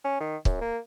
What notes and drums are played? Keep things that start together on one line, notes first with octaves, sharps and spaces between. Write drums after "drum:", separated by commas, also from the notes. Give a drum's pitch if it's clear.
C#4
D#3
F#2, drum: kick
A#3